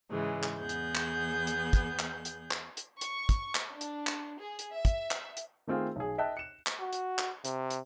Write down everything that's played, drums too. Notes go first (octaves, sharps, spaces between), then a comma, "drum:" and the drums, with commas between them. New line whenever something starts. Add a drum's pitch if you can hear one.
G#2 C#3 E3 G#3
drum: clap
E2 B3 G#4 G6
drum: hi-hat
drum: clap
drum: hi-hat
drum: kick, hi-hat
drum: clap
drum: hi-hat
drum: clap
drum: hi-hat
C#6, drum: hi-hat
drum: kick, hi-hat
drum: clap
D4
drum: hi-hat
drum: clap
G#4
drum: hi-hat
E5
drum: kick, hi-hat
drum: clap
drum: hi-hat
D#3 A3 C4 F4 G#4
B1 G#4
D#5 E5 G5 A5 F#6
C#7 E7
drum: clap
F#4
drum: hi-hat
drum: clap
C3, drum: hi-hat
drum: hi-hat